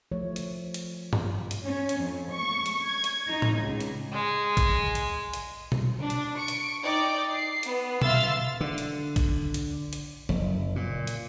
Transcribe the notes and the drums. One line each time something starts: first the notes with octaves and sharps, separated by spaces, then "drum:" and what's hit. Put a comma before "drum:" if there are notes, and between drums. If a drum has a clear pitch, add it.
F3 A3 C#5
drum: hi-hat
drum: hi-hat
drum: tom G2
drum: hi-hat
C#4
drum: hi-hat
F2
C#6
drum: hi-hat
G#6
drum: hi-hat
D#4
drum: tom A2
C#2
drum: hi-hat
G#3
drum: kick, hi-hat
drum: hi-hat
drum: hi-hat
drum: tom B2
D4
drum: hi-hat
C#6 C#7 D7
drum: hi-hat
D#4 D5 G5
C7
B3, drum: hi-hat
E5 F5 C6 E6 F6 A6, drum: tom B2
D3
drum: hi-hat
drum: kick, hi-hat
drum: hi-hat
drum: hi-hat
F#1, drum: tom F3
A#2
drum: hi-hat